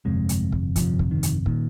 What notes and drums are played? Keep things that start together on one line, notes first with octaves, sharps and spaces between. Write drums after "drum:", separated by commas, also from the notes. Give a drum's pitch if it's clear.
G1 F2 C3 G#3
drum: hi-hat
drum: kick
G1 F2 C3 F3, drum: kick, hi-hat
drum: kick
D#3
drum: hi-hat
A#2 D#3, drum: kick